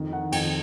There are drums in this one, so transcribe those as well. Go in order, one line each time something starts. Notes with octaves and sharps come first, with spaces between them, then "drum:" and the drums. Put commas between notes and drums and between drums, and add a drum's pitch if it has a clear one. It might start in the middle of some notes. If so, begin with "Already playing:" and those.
Already playing: F2 D#3
D#3 F#5
F2 G5, drum: cymbal